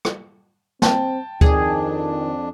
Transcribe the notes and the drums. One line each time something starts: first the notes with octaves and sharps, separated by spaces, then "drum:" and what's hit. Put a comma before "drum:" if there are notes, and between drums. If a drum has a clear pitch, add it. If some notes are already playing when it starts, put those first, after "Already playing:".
drum: rim click
C4 G5 A5, drum: snare
F2 D#3 D4 G#4, drum: kick D2